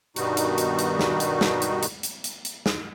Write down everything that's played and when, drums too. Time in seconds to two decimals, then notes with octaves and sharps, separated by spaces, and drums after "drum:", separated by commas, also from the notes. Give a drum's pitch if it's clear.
0.16 G2 B2 D#3 G3 D#4 F#4, drum: hi-hat
0.37 drum: hi-hat
0.58 drum: hi-hat
0.79 drum: hi-hat
0.99 drum: snare
1.20 drum: hi-hat
1.41 drum: snare
1.62 drum: hi-hat
1.83 drum: hi-hat
2.03 drum: hi-hat
2.24 drum: hi-hat
2.45 drum: hi-hat
2.66 drum: snare